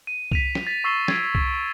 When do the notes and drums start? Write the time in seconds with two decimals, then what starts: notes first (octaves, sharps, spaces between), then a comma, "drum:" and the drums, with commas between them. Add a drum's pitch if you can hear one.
0.07 D#7
0.32 B6 D#7 F7, drum: kick C2
0.55 drum: snare
0.67 A6 B6
0.84 C#6 E6 A6 C7 E7 G7
1.08 G#6 C7 D7, drum: snare
1.35 drum: kick C2